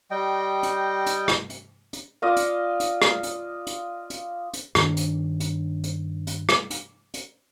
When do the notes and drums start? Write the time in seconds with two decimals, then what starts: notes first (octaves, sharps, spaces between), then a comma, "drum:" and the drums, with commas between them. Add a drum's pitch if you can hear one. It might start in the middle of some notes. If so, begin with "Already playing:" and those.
0.11 G3 D#5 G5
0.63 drum: hi-hat
1.06 drum: hi-hat
1.28 drum: rim click
1.50 drum: hi-hat
1.93 drum: hi-hat
2.22 F4 D5 D#5 F5
2.36 drum: hi-hat
2.80 drum: hi-hat
3.02 drum: rim click
3.23 drum: hi-hat
3.67 drum: hi-hat
4.10 drum: hi-hat
4.53 drum: hi-hat
4.75 G2 D#3 D4, drum: rim click
4.97 drum: hi-hat
5.40 drum: hi-hat
5.84 drum: hi-hat
6.27 drum: hi-hat
6.49 drum: rim click
6.70 drum: hi-hat
7.14 drum: hi-hat